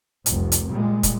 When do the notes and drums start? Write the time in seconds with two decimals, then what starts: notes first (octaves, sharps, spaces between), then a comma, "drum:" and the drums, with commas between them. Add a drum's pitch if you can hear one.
0.26 F1 C2, drum: hi-hat
0.52 drum: hi-hat
0.69 A#2 G3 G#3
1.03 drum: kick, hi-hat